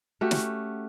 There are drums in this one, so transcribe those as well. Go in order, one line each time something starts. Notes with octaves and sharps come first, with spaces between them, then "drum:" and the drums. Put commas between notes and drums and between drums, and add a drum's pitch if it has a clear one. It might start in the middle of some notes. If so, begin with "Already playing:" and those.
A3 C#4 F#4 G4
drum: snare